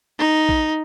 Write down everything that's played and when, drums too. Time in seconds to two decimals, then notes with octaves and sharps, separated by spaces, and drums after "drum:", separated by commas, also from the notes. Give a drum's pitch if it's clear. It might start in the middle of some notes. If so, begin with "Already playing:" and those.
0.19 D#4
0.49 drum: kick A#1